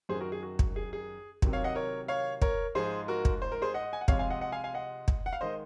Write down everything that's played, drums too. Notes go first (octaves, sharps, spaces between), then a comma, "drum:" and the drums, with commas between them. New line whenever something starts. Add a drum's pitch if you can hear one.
F#2 D#3 F#3 G#4 C5
F#4 A#4
G#4
F#4
drum: kick
G#4
G#4
C3 D#3 F#3, drum: kick
C#5 F5
D#5 F#5
A#4 C#5
C#5 F5
A#4 C#5, drum: kick
G#2 F3 G#3 G#4 C5
F#4 A#4
drum: kick
C5
A#4
G#4 C5
D#5 F#5
G#5
F#5
C3 F3 G#3 C#5 F5, drum: kick
F5 G#5
D#5 F#5
D#5 F#5
F5 G#5
F5 G#5
D#5 F#5
drum: kick
F#5
F5
D#3 G#3 C5 D#5